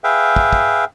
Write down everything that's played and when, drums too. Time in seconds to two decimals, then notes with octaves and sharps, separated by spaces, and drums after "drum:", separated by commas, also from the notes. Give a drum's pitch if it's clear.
0.04 G#4 B4 E5 F5 G5
0.36 drum: kick
0.53 drum: kick